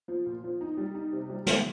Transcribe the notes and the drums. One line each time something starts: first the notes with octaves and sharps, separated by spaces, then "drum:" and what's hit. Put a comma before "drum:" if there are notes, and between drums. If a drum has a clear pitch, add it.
F3
A#2
F3
D#4
G3
D#4
C3
G3
G3, drum: snare